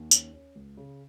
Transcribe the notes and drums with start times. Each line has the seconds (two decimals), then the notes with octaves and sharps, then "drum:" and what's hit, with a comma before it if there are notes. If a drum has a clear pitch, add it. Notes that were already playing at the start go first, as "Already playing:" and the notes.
Already playing: D#2
0.11 C#4, drum: tambourine
0.33 C#4
0.55 C#2
0.77 C#3